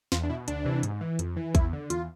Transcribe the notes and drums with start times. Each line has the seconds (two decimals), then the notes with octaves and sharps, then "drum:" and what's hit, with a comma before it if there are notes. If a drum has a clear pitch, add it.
0.12 E2 F4, drum: snare
0.23 D4
0.30 B2 E4
0.48 D2 D4, drum: hi-hat
0.65 C3 E3
0.83 G#2, drum: hi-hat
1.01 E3
1.19 F2, drum: hi-hat
1.37 E3
1.55 E2 E4, drum: kick A1, hi-hat
1.73 D3
1.90 E2 F4, drum: hi-hat